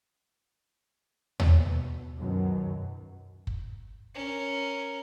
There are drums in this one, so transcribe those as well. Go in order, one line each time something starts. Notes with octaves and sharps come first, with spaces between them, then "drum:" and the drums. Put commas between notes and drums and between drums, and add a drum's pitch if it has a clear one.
B2, drum: tom D#2
C#2 F#2 B2 D#3 F#3
drum: kick
C#4 A#4